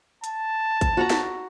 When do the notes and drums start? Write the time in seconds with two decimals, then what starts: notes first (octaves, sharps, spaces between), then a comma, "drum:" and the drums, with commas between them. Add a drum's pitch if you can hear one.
0.24 A5, drum: hi-hat
0.81 drum: kick A1, hi-hat
0.97 F#4 F#5 A#5
1.10 drum: snare